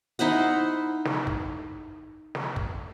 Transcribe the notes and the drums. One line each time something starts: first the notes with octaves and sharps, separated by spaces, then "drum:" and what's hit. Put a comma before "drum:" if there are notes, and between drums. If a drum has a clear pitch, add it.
D#4 E4 C5 F#5
drum: snare
drum: kick
drum: snare
drum: kick